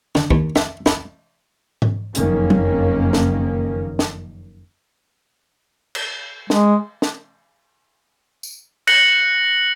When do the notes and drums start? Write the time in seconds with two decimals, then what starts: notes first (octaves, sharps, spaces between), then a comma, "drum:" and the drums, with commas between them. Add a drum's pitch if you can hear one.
0.15 D3, drum: snare
0.31 D#2, drum: kick
0.56 E5, drum: snare
0.86 E4, drum: snare
1.82 drum: tom G#2
2.15 F#1 F2 D#3 A#3 C#4, drum: hi-hat
2.50 drum: tom F#3
3.13 drum: snare
3.99 drum: snare
5.95 drum: cymbal
6.50 G#3, drum: snare
7.02 drum: snare
8.43 drum: tambourine
8.87 F#6 A#6 C#7 F#7, drum: cymbal